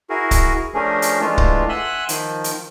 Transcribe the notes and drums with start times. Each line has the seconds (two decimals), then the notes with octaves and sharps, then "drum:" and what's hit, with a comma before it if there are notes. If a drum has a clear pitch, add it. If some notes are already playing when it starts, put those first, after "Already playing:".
0.10 E4 F#4 G#4 A#4
0.31 drum: kick C#1, hi-hat
0.74 F3 A3 C#4 D4 G#4 A#4
1.02 drum: hi-hat
1.20 E3 G#3 A3 D4 F4
1.38 drum: kick C#1
1.69 E5 F#5 G#5 C6 E6 F#6
2.09 D#3 F3, drum: hi-hat
2.44 drum: hi-hat